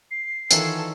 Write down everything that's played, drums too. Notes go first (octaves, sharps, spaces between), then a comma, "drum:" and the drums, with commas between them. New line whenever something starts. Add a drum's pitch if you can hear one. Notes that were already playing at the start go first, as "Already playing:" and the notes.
C7
D#3 E3 C#4 F4 A4 F#5, drum: tambourine